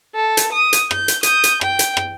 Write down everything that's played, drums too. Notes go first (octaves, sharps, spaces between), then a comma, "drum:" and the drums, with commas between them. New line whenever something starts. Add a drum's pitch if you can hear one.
A4
drum: hi-hat
D#6
drum: hi-hat
G6, drum: rim click
drum: hi-hat
D#6 G6, drum: hi-hat
drum: hi-hat
G5, drum: rim click
drum: hi-hat
drum: rim click